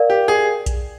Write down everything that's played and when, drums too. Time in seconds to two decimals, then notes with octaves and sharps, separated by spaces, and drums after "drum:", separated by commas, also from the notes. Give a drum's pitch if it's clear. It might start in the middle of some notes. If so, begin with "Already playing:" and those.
Already playing: A#4 D5 F5
0.10 G4
0.28 G#4
0.66 drum: kick A#1, hi-hat